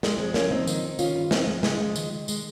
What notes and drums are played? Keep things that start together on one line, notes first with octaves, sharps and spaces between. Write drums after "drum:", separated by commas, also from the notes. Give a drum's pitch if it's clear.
G2 G#3, drum: snare
F3 G#3 C4
F3 A#3 C#4, drum: snare
F3 C4 D#4
D#3, drum: tambourine
D#3
D#3 C#4 F4, drum: tambourine
G2
F3 C4 D#4, drum: snare
D#2 G#3
C#3 G#3, drum: snare
F3
D#3, drum: tambourine
D#3
D#3 G#3, drum: tambourine